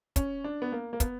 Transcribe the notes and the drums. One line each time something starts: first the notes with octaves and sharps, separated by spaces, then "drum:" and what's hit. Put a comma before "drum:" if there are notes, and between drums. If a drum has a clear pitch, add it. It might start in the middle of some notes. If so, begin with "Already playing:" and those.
C#4, drum: kick, hi-hat
D4
B3
A#3
A#3
B3, drum: kick, hi-hat